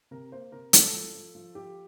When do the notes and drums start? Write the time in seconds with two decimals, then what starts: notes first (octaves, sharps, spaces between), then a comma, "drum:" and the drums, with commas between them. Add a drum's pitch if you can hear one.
0.11 C3 A#4
0.32 A#3 C5
0.52 C3 A#4
0.73 F3 A4, drum: hi-hat
0.94 F3
1.15 F3
1.35 F3
1.55 F3 G4